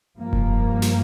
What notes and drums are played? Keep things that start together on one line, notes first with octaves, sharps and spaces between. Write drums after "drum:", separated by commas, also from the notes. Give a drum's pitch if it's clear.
G2 F3 A#3
drum: kick F1
drum: snare